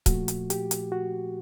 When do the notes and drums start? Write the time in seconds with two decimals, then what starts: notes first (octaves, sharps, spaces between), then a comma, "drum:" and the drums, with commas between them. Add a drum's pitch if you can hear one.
0.06 A#2 F3 A3 F#4, drum: kick C#1, hi-hat
0.28 drum: hi-hat
0.50 G4, drum: hi-hat
0.71 drum: hi-hat
0.92 F#4